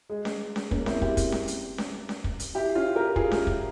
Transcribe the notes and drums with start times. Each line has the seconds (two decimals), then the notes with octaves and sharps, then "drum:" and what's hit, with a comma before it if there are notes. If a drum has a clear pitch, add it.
0.10 G#3
0.25 drum: snare C#4
0.56 drum: snare C#4
0.71 A#3 C#4, drum: kick
0.86 C4 E4, drum: snare C#4
1.02 E4 G4, drum: kick
1.17 drum: kick, hi-hat
1.32 drum: snare C#4
1.48 drum: hi-hat
1.78 drum: snare C#4
2.09 drum: snare C#4
2.24 drum: kick
2.40 drum: hi-hat
2.55 E4 G4
2.75 C#4 F4
2.95 G4 A#4
3.16 F4 G#4, drum: kick
3.31 drum: snare C#4
3.47 drum: kick